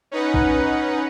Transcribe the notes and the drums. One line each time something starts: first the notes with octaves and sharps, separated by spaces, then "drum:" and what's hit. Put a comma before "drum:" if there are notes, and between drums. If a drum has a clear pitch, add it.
C#4 D#4 B4 F#5
drum: kick